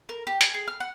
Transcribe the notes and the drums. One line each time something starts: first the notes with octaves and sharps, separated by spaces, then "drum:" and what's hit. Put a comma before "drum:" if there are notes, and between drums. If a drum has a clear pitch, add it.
A#4
G4
G#5, drum: hi-hat
G#4
F6
F#5